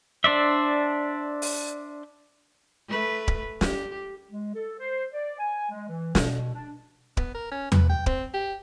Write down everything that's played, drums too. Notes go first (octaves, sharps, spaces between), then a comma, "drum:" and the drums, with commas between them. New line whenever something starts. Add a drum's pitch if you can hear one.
D4 C5 D5 E5
drum: open hi-hat
A3 B4
drum: kick D1
G4, drum: snare
G#3
A4
C5
D5
G#5
G#3
E3
B2, drum: snare
D4
B3, drum: kick D1
A#4
C#4
B4, drum: tom E2
G5
C4, drum: kick D1
G4